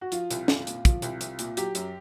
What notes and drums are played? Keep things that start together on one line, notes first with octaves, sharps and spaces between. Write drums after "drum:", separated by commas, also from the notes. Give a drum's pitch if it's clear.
F#4
F3 F4, drum: hi-hat
C2, drum: hi-hat
C2, drum: snare
A#2, drum: hi-hat
F3, drum: kick, hi-hat
C2, drum: hi-hat
C2, drum: hi-hat
A#2, drum: hi-hat
F#3 G4, drum: hi-hat
F#2, drum: hi-hat